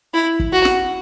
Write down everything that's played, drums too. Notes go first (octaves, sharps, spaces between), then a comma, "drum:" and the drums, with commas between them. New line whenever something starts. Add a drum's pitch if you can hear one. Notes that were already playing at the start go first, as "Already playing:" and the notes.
E4
drum: kick
F#4
drum: snare